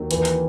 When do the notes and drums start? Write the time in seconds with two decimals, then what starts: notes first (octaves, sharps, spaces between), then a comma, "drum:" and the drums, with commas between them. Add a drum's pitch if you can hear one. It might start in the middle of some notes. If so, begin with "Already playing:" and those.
Already playing: D#2 D#3 F#3
0.11 E3, drum: hi-hat
0.25 drum: hi-hat